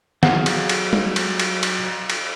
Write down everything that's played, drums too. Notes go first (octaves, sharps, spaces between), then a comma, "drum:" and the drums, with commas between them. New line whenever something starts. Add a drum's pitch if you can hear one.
F#3 G#4 F5 F#5, drum: snare
drum: cymbal
drum: cymbal
drum: tom G3
drum: cymbal
drum: cymbal
drum: cymbal
drum: cymbal